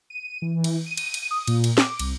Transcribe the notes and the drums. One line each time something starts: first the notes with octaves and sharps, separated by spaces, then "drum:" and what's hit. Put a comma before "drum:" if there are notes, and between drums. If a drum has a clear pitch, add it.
D#7
E3
drum: cymbal
D#7
drum: cymbal
drum: cymbal
D#6
A#2, drum: cymbal
drum: cymbal
D6, drum: snare
C2, drum: cymbal